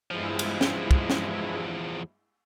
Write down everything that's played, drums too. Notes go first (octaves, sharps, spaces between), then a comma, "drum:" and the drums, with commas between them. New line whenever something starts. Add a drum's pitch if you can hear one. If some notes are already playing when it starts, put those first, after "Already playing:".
E2 G2 F3 G#3 E4
drum: cymbal
drum: snare
drum: kick
drum: snare